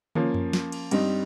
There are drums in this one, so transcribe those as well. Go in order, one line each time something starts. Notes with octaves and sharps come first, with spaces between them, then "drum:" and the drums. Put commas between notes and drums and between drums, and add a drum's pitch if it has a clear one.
F3 A#3 C#4, drum: tom
drum: tom F#2
drum: snare
drum: cymbal
G2 G3 C4 D#4, drum: cymbal